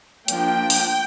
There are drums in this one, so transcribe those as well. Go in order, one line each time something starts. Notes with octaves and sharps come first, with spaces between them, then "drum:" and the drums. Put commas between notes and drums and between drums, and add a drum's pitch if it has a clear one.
F3 A#3 D4 G5, drum: hi-hat
drum: open hi-hat